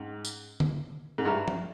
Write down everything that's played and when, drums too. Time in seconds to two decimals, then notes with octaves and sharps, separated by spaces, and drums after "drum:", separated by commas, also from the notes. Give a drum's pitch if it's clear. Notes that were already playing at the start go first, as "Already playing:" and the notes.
Already playing: G#2 C#4 G#4
0.25 drum: tambourine
0.60 drum: tom D3
1.18 G#2
1.25 G2 E4 G#4 E5 A#5
1.48 drum: tom F3